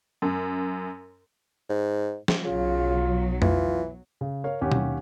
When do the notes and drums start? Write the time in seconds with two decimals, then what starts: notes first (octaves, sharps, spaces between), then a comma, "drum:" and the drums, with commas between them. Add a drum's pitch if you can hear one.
0.22 F#2
1.70 G#2
2.28 drum: snare
2.45 B1 C#3 F#3 F4
3.42 E3 F4, drum: tom F2
4.21 C#3
4.44 A#4 C#5 F5
4.61 D#2 C#4 G4 F#5
4.72 drum: tom